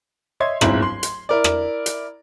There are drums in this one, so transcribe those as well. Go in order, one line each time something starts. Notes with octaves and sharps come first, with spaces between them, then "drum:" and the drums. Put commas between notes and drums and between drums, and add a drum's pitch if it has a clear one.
C#5 D#5 E5 C6 G#6
D1 G1 G#2 C4 E4 F#7, drum: rim click
C6
drum: hi-hat
E4 A#4 D5
drum: rim click
drum: hi-hat